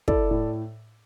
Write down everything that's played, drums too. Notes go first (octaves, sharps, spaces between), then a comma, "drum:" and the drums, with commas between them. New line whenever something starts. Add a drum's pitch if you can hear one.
E4 A4 D5, drum: kick
A2